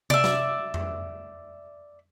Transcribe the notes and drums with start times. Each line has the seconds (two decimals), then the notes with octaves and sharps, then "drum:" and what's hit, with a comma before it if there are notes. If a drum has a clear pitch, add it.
0.10 D5 E5, drum: tom C3
0.24 drum: snare F#4
0.74 drum: tom F2